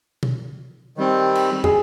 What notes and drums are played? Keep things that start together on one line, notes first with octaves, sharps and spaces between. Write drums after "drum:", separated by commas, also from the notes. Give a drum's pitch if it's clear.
drum: tom B2
D#3 G3 C4
drum: cymbal
G#4, drum: tom